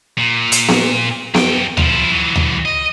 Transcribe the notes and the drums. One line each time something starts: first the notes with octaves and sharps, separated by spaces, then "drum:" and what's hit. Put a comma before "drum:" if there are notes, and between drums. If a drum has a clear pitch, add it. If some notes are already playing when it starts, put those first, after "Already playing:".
A#2
drum: hi-hat
drum: snare B3
F#2 G5, drum: snare B3
F3 E4, drum: tom D2
E3 F#3
drum: tom D2
D#5